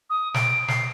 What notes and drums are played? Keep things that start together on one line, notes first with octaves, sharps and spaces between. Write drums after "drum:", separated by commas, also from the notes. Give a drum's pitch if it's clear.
D#6
D7, drum: snare
C7, drum: snare